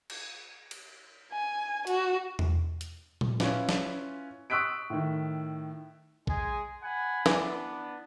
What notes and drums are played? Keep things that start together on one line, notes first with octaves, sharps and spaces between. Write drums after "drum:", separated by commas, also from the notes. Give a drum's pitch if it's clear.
drum: cymbal
drum: cymbal
G#5
F#4, drum: hi-hat
drum: tom E2
drum: hi-hat
drum: tom A#2
C#4 E4 F4 B4, drum: snare
drum: snare
C#6 D#6 E6 F#6 B6 D7
A2 D#3
G#3 G#4 G#5, drum: kick A1
F#5 G#5 B5
E3 B3 D4, drum: snare